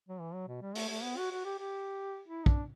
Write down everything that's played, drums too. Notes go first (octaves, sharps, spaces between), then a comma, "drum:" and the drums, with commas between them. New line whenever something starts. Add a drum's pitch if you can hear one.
F#3
E3
F#3
B2
G3
A3, drum: open hi-hat
A3
B3
F#4
F#4
G4
G4
E4
D4, drum: kick